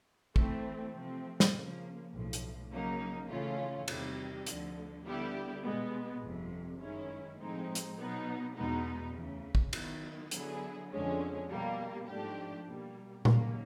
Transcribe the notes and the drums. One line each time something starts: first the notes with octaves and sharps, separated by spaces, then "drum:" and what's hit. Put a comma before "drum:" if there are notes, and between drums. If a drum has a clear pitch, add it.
E3 A3 C4, drum: kick
C3 F3 A3 C4
drum: snare
C#3 F3 A#3
B1 A2 F3
drum: hi-hat
C#3 F#3 A#3 D#4
C#3 E3 A3 C#4 F4
E2 C3 D#3 G3, drum: cymbal
D2 D3 F3, drum: hi-hat
D3 G3 B3 E4 G4
B2 G#3 B3
G1 F2 C3
F#2 D#3 G#3 C#4 E4
A2 F3 G#3 C4 D#4
drum: hi-hat
B2 F#3 B3 D#4
E2 B2 G#3 B3 D#4
D2 C#3 E3
drum: kick
D#3 F#3 B3 E4, drum: cymbal
D3 F#3 B3 E4 G#4, drum: hi-hat
F2 D3 F3 G#3 C#4
B2 G3 A#3
G#2 F3 A3 D4 G4
B2 G3 A#3
D#2 C#3 F#3 A#3, drum: tom A#2